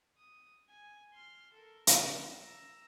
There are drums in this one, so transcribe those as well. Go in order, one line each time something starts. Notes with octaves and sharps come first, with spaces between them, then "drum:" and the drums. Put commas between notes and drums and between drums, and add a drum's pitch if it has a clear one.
D#6
G#5
C6 F6
A4 A#4
C4, drum: hi-hat
A#5 E6